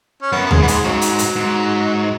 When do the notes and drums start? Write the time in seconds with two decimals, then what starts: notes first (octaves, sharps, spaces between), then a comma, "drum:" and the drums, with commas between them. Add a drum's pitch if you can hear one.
0.22 C#4
0.32 F#2 B3
0.46 B3
0.51 G#3, drum: tom D2
0.58 G#2 B3
0.68 G#3, drum: hi-hat
0.84 G#2 C#3 F#3
1.01 drum: hi-hat
1.19 drum: hi-hat
1.36 G#2